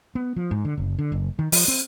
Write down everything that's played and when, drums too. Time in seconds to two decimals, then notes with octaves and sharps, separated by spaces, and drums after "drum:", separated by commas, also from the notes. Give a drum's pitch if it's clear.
0.15 B3
0.36 F3
0.51 G#2
0.65 D3
0.78 F#1
0.99 D3
1.12 F#1
1.39 D#3
1.52 F3, drum: open hi-hat
1.68 C4